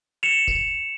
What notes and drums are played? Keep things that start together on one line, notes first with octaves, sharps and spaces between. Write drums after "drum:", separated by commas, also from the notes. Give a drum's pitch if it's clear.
C#7 E7 F7
drum: kick